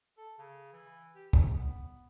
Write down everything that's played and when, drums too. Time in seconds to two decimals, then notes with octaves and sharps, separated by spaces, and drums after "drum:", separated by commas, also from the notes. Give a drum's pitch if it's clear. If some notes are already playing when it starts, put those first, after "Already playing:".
0.18 A4
0.39 C#3
0.73 E3
1.15 G4
1.33 E3, drum: kick
1.54 B3